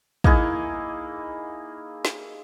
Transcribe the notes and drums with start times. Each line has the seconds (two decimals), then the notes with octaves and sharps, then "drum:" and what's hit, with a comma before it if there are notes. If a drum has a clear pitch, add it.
0.24 A#3 D#4 E4 G#4, drum: kick
2.05 drum: snare